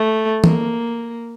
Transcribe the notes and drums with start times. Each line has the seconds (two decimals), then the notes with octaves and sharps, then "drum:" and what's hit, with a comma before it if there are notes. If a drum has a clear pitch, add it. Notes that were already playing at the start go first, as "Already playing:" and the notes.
Already playing: A3
0.44 A#3, drum: tom E3